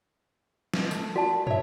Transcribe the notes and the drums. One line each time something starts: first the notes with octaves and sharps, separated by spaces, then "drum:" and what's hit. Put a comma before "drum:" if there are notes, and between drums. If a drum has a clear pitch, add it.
drum: snare
A3, drum: tambourine
F#4 D5 A5
C#5 E5, drum: tom